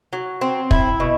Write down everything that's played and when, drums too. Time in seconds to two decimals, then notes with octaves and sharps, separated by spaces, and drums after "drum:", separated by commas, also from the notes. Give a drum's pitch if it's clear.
0.13 F#3
0.41 C4
0.71 E4, drum: kick
1.00 B2